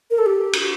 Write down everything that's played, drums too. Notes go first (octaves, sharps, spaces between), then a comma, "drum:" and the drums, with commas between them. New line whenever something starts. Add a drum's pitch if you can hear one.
A#4
A4
G4
drum: cymbal